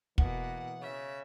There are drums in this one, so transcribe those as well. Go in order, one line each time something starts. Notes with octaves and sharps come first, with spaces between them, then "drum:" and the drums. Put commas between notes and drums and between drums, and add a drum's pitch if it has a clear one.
B2 E3 A#3 F#5, drum: kick
C#3 E5